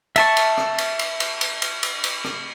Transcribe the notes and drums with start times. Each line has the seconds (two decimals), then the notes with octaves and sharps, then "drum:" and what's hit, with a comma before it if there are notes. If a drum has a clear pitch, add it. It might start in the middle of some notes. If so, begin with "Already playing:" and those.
0.16 E5 A5 C#6, drum: cymbal
0.37 drum: cymbal
0.58 drum: rim click
0.78 drum: cymbal
0.99 drum: cymbal
1.20 drum: cymbal
1.41 drum: cymbal
1.62 drum: cymbal
1.83 drum: cymbal
2.04 drum: cymbal
2.25 drum: rim click